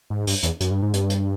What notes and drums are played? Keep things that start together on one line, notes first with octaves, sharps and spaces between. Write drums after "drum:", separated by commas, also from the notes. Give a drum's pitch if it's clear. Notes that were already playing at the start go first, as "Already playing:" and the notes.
G#2
G2, drum: open hi-hat
E2, drum: hi-hat
F#2, drum: hi-hat
G2
G#2
G2, drum: hi-hat
drum: hi-hat